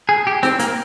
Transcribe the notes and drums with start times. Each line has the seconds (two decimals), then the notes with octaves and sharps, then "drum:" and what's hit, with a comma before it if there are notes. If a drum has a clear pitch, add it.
0.09 G#4
0.27 G4
0.43 C4, drum: snare
0.59 A#3, drum: hi-hat